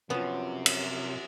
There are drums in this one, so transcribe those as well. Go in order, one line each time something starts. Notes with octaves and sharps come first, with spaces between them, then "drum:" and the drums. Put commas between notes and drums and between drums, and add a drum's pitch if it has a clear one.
F#2 C3 F3 B3 C#4
drum: cymbal